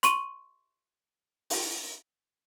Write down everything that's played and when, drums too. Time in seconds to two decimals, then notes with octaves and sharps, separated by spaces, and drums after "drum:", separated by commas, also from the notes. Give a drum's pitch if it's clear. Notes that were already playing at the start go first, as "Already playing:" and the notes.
0.03 C6 C#6 D#7, drum: hi-hat
1.50 drum: open hi-hat